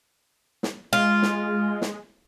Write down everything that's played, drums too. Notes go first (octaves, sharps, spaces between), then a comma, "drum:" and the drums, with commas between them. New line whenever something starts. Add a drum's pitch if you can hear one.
drum: snare
G#3 F4
drum: snare
drum: snare